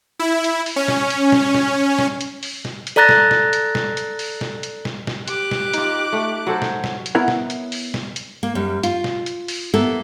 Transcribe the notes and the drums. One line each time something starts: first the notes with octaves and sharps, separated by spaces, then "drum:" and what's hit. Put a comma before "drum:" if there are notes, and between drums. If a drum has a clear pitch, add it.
E4
drum: hi-hat
drum: open hi-hat
C#4
drum: snare
drum: hi-hat
drum: snare
drum: snare
drum: snare
drum: hi-hat
drum: open hi-hat
drum: snare
drum: hi-hat
A4 D5 A#5 F#6 A6 A#6
drum: snare
drum: snare
drum: hi-hat
drum: snare
drum: hi-hat
drum: open hi-hat
drum: snare
drum: hi-hat
drum: snare
drum: snare
G4 D6 F#6, drum: hi-hat
drum: snare
D#4 F4, drum: hi-hat
A3
F#3 A4 C5
drum: snare
drum: snare
drum: hi-hat
B3 E4 A#4 C#5 F#5
drum: snare
drum: hi-hat
drum: open hi-hat
drum: snare
drum: hi-hat
A#3
F#2 G3
F4, drum: hi-hat
drum: snare
drum: hi-hat
drum: open hi-hat
A#3 B3 E4 A4